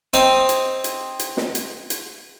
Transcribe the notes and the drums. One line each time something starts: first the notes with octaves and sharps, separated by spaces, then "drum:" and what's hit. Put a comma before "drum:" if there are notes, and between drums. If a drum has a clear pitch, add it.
C4 D#4, drum: hi-hat
drum: hi-hat
drum: hi-hat
drum: hi-hat
drum: snare
drum: hi-hat
drum: hi-hat